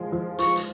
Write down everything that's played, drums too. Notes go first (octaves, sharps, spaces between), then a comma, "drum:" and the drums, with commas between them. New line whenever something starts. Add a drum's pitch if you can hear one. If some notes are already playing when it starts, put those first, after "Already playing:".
Already playing: F3 G#3 F4
F3
F4 C#6, drum: hi-hat
drum: hi-hat